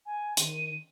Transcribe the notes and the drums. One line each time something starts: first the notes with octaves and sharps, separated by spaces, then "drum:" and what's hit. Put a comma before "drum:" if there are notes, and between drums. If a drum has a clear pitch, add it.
G#5
D#3 D#7, drum: hi-hat